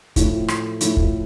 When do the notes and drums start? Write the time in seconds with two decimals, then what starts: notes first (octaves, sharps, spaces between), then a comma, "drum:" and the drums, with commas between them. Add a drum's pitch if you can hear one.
0.16 A2 F3 A3 E4, drum: kick, hi-hat
0.48 drum: rim click
0.81 A2 F3 A3 E4, drum: hi-hat
0.97 drum: kick